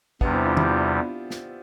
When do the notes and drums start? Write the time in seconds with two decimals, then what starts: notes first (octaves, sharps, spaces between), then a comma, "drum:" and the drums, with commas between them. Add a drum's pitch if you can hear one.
0.21 E2 C3 G3 B3 D4, drum: kick
0.33 C4 E4
0.45 D4 F4
0.57 E4 G4, drum: tom D#3
0.69 D4 F4
1.30 drum: snare